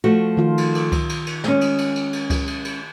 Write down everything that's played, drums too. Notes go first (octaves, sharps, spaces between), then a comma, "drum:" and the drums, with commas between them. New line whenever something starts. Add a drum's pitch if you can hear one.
F3 A3 F#4
D#3 F4
drum: cymbal
drum: cymbal
drum: kick C#2, cymbal
drum: cymbal
drum: cymbal
G#3 C#4, drum: snare
drum: cymbal
drum: cymbal
drum: cymbal
drum: cymbal
drum: kick C#2, cymbal
drum: cymbal
drum: cymbal